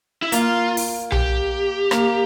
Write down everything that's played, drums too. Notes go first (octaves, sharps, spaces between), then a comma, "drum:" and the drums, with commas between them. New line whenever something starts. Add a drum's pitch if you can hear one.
E4
A#3 F4, drum: hi-hat
drum: open hi-hat
G4, drum: tom B1
A#3, drum: rim click